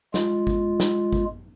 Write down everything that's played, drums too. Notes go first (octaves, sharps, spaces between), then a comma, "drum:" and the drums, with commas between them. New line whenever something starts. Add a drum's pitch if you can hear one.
G#3 F4, drum: snare
drum: kick G#1
drum: snare
drum: kick G#1